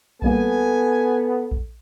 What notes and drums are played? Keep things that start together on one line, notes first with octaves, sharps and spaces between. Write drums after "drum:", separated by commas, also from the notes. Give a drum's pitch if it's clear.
A1 G3 A#3 B3 A4 G#5, drum: kick A#1
drum: kick A#1